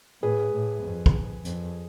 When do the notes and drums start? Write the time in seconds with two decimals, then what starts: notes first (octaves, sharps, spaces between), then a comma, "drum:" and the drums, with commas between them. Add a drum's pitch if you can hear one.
0.22 A2 G#4 B4
0.53 A2
0.83 F2
1.06 drum: kick
1.45 F2, drum: hi-hat